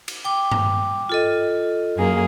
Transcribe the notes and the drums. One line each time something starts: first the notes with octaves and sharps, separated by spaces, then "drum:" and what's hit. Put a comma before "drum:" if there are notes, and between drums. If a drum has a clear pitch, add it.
drum: cymbal
G5 D6
drum: tom G2
F4 A4 D#5
F#2 A#3 G#4